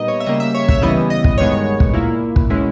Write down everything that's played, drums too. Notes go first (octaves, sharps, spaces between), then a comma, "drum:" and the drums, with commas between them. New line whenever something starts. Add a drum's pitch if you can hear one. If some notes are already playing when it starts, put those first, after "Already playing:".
Already playing: A#2 G3 B3 D#4 D#5
C#5
E5
C#3 G3 A#3 D#5
E5
C#5
E5, drum: kick
C#3 E3 G3 B3 E4 D#5
D#5
drum: kick
G2 D#3 G#3 B3 C#5
drum: kick
A#2 A#3 E4
drum: kick
B2 G#3 C#4 E4